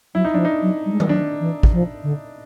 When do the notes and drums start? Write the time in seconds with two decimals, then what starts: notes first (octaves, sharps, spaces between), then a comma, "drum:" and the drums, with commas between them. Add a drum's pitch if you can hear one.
0.15 F#3 E4
0.25 D#4
0.33 F3 F#3 D4
0.45 D#4
0.62 F#3
0.86 G3
0.92 G#3
1.00 G3, drum: tom D#3
1.09 F#3 D4
1.40 E3
1.63 drum: kick
1.73 F3
2.03 D3